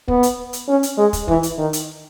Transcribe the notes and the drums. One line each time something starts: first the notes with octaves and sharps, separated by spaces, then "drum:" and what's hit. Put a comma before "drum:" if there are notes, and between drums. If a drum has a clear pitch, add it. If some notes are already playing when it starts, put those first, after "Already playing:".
B3, drum: kick
drum: hi-hat
drum: hi-hat
C#4
drum: hi-hat
G#3
drum: kick, hi-hat
E3, drum: kick
drum: hi-hat
D#3
drum: hi-hat